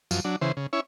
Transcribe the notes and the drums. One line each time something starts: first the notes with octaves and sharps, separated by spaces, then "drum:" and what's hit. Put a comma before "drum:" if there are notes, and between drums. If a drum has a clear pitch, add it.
F#2 F3, drum: tambourine
F#3 D4
C#3 E3 C5
C#3
C#4 E4 C#5